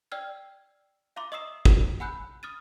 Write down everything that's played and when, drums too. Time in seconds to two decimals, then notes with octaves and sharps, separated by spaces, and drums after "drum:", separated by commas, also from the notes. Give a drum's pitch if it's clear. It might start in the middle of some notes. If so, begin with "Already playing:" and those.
0.11 D5 G5 E6 F6 G#6
1.16 E5 F5 A#5 C6 D6
1.32 D#5 C#6 D#6 E6 C7 E7
1.65 drum: kick
2.00 F#5 G#5 B5 E6 F#6 G6
2.43 D#6 F6 A6 D#7